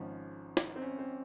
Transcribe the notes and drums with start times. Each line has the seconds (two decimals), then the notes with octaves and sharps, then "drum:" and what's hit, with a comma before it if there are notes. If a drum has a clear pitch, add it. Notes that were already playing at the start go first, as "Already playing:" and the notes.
Already playing: G#1 G#2 F3 C#4
0.57 drum: snare
0.76 C4
0.82 C#4
0.99 C4